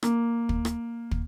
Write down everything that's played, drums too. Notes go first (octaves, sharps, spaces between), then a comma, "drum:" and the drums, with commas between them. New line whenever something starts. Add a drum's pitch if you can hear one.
A#3, drum: rim click
drum: kick
drum: rim click
drum: kick